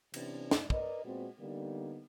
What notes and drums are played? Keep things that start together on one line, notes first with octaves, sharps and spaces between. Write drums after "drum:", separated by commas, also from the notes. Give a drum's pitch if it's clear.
C3 E3 B3 C#4 D4, drum: cymbal
drum: snare
A#4 B4 D5 D#5, drum: kick
A#2 G#3 B3 C4 F#4
D3 G3 A#3 B3 D#4